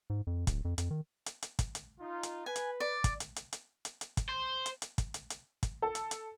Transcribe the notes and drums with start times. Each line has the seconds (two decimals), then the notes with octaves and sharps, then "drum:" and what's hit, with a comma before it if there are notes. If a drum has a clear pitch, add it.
0.10 G#2
0.27 F2
0.47 D1, drum: kick, hi-hat
0.65 F2
0.78 F2, drum: hi-hat
0.91 D#3
1.26 drum: hi-hat
1.43 drum: hi-hat
1.59 drum: kick, hi-hat
1.75 drum: hi-hat
2.00 D#4 F4
2.23 drum: hi-hat
2.46 B4 G#5
2.56 drum: hi-hat
2.80 D5
3.04 drum: kick, hi-hat
3.20 drum: hi-hat
3.36 drum: hi-hat
3.53 drum: hi-hat
3.85 drum: hi-hat
4.01 drum: hi-hat
4.17 drum: kick, hi-hat
4.29 C5
4.66 drum: hi-hat
4.82 drum: hi-hat
4.98 drum: kick, hi-hat
5.14 drum: hi-hat
5.30 drum: hi-hat
5.63 drum: kick, hi-hat
5.82 A4
5.95 drum: hi-hat
6.11 drum: hi-hat